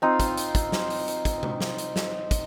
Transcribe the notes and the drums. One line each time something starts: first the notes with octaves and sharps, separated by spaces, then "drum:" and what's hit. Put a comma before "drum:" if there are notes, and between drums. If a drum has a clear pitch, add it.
C4 D#4 F4
drum: kick, hi-hat
drum: hi-hat
drum: kick, hi-hat
drum: snare
drum: open hi-hat
drum: hi-hat
drum: kick, hi-hat
drum: tom
drum: snare
drum: hi-hat
drum: snare
drum: kick, hi-hat